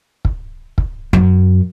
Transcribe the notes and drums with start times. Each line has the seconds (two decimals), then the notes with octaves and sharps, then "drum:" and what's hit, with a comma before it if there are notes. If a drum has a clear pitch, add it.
0.25 drum: kick
0.78 drum: kick
1.13 F#2, drum: kick